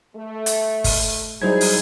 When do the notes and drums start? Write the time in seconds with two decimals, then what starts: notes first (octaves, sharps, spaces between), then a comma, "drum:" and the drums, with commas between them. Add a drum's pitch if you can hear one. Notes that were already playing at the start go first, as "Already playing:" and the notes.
0.16 A3
0.46 drum: hi-hat
0.84 drum: kick G1, open hi-hat
1.42 F#3 G3 D#4 E4 G#4 C5 G#6
1.61 drum: open hi-hat